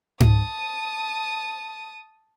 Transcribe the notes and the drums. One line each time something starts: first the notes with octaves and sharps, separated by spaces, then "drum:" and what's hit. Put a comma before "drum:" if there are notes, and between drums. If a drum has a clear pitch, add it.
A5 D#6, drum: tom G#2